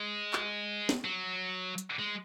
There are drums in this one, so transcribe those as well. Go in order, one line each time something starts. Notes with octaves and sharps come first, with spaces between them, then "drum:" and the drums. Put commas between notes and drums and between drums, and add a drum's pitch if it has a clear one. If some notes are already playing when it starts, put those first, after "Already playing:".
Already playing: G#3
drum: clap
drum: snare
F#3
drum: hi-hat
G#3